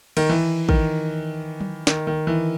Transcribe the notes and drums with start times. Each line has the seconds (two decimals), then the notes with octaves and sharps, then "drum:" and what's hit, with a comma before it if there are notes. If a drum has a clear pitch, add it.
0.17 D#3, drum: cymbal
0.29 E3
0.69 D#3, drum: kick
1.61 drum: tom F#3
1.87 D#3, drum: snare
2.07 D#3
2.27 E3